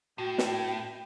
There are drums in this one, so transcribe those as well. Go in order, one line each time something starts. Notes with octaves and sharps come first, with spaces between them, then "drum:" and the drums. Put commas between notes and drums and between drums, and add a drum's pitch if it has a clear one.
A2 F#4 G5
drum: snare